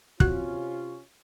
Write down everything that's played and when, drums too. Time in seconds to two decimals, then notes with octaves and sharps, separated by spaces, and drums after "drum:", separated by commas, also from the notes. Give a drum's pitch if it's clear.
0.20 C3 C#4 F4 F#4 F#6, drum: kick